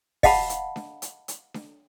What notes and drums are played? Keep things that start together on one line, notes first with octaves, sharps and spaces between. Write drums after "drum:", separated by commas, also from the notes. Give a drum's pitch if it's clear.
D#5 F5 F#5 A5 B5, drum: kick, open hi-hat
drum: hi-hat
drum: snare D4
drum: hi-hat
drum: hi-hat
drum: snare D4